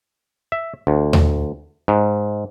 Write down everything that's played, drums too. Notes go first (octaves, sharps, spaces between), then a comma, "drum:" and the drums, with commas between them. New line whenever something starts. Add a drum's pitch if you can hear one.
E5
D2
drum: tom D#2
G#2